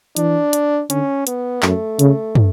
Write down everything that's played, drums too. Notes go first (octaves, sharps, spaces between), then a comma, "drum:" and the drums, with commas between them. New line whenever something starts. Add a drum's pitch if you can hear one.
E3 D4, drum: hi-hat
drum: hi-hat
D3 C#4, drum: hi-hat
B3, drum: hi-hat
F#2 A3, drum: clap
C#3, drum: hi-hat
drum: tom